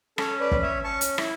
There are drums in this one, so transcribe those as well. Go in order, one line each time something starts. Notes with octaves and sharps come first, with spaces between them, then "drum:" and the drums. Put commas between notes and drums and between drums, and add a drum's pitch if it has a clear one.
C#4 A4 C#5, drum: rim click
B4 D5
C#4, drum: kick
C#5 E5
C#4 A5 C#6
drum: hi-hat
E4, drum: rim click